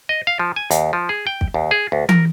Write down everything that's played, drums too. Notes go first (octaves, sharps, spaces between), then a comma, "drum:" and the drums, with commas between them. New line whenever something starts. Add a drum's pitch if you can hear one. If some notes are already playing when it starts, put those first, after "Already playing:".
D#5
F5
F3
G#5
D#2, drum: hi-hat
F3
G#4
G5
drum: kick
D#2
G#4
D2
A#4, drum: tom E3